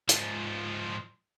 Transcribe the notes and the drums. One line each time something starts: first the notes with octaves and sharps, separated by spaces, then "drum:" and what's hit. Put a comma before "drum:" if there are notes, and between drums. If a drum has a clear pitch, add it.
G#2 F3, drum: hi-hat